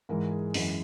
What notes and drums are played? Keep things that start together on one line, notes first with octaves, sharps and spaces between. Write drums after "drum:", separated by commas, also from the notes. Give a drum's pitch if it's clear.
G#2 E3 G#3 A#4
G#4
F#2 E3 G#3, drum: open hi-hat